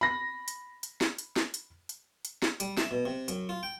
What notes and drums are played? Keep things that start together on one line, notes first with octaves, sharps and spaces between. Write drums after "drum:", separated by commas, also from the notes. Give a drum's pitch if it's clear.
B5 A#6
drum: hi-hat
drum: hi-hat
drum: snare
drum: hi-hat
drum: snare
drum: hi-hat
drum: hi-hat
drum: hi-hat
drum: snare
G3, drum: hi-hat
E5, drum: snare
B2
C3
F#2, drum: hi-hat
F4
G5